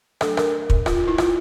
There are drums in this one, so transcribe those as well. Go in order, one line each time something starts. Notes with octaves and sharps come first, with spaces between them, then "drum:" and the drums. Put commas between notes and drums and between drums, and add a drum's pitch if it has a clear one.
F#3 A3 D4 A4, drum: rim click
A#4, drum: rim click
drum: kick
F4, drum: rim click
F4
E4
F4, drum: rim click